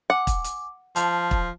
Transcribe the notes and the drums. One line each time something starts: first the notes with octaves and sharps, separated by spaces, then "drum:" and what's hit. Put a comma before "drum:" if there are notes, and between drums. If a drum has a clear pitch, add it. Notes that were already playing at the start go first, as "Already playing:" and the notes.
F#5 G#5 D6
drum: kick, hi-hat
drum: hi-hat
F3 A5, drum: hi-hat
drum: kick